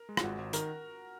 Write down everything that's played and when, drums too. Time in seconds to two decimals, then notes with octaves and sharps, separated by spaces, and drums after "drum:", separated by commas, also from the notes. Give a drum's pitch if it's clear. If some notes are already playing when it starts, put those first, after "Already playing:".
Already playing: A#4
0.09 G#3
0.17 F4, drum: rim click
0.23 G#1 F#4
0.38 G#1
0.53 D#3 A#4, drum: hi-hat